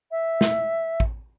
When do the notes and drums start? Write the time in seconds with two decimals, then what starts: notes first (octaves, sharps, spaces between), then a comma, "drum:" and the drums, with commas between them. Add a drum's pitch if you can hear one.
0.11 E5
0.41 drum: snare
1.00 drum: kick